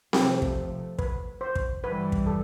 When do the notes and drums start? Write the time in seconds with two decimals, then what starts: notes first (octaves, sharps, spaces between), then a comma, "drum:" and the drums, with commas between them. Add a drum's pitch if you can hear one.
0.13 C3 F3 A3 G4, drum: snare C4
0.42 drum: kick
0.99 B4, drum: kick
1.41 C5
1.56 drum: kick
1.84 G2 E3 G3 B4
2.12 drum: kick
2.27 A4